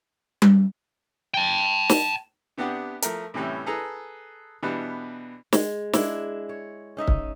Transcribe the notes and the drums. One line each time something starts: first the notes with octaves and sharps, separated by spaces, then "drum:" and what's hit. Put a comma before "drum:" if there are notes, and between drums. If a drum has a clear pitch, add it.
drum: tom G3
G5 A5
drum: snare
C3 B3 D4 G4 F#5 D#6
F3 A3 A#4, drum: hi-hat
A2 C3 E3 G3 C#4
G#4 A4 B4 A#5
B2 E3 G3 B3 D4
G#3, drum: snare
G#3 D4 E4, drum: snare
C#5
C#4 D#4 D#5 E5
drum: kick